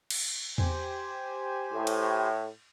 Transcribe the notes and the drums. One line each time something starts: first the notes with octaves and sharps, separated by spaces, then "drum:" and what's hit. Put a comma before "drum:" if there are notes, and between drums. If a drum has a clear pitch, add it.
drum: cymbal
G4 C5 G#5, drum: tom E2
A2
drum: cymbal